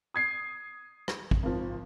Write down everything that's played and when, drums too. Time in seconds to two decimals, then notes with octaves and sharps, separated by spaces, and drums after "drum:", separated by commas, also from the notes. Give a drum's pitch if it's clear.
0.14 D#6 G#6 C7
1.08 drum: rim click
1.31 drum: kick
1.43 G#1 F3